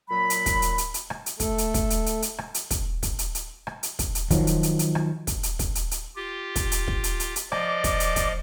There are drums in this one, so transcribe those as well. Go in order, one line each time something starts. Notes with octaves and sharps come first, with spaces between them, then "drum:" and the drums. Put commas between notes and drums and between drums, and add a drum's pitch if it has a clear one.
A#2 F#3 B5
drum: hi-hat
drum: kick, hi-hat
drum: hi-hat
drum: hi-hat
drum: hi-hat
drum: rim click
drum: hi-hat
A3 A4, drum: kick, hi-hat
drum: hi-hat
drum: kick, hi-hat
drum: hi-hat
drum: hi-hat
drum: hi-hat
drum: rim click
drum: hi-hat
drum: kick, hi-hat
drum: kick, hi-hat
drum: hi-hat
drum: hi-hat
drum: rim click
drum: hi-hat
drum: kick, hi-hat
drum: hi-hat
D#3 F3 F#3, drum: kick, hi-hat
drum: hi-hat
drum: hi-hat
drum: hi-hat
drum: rim click
drum: kick, hi-hat
drum: hi-hat
drum: kick, hi-hat
drum: hi-hat
drum: hi-hat
F4 G4
drum: kick, hi-hat
drum: hi-hat
drum: kick
drum: hi-hat
drum: hi-hat
drum: hi-hat
F3 D5 D#5, drum: rim click
drum: kick, hi-hat
drum: hi-hat
drum: kick, hi-hat